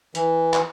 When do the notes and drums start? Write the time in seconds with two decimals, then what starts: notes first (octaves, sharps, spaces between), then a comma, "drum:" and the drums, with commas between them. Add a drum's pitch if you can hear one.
0.15 E3, drum: hi-hat
0.54 drum: clap